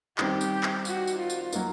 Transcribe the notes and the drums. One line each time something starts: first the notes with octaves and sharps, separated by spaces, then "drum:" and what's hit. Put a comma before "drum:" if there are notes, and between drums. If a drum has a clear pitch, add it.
D#3 G3 C4 D#4 G4, drum: clap
drum: tambourine
drum: clap
F#4, drum: tambourine
drum: tambourine
F4
drum: tambourine
F#3 A#3 D#4, drum: tambourine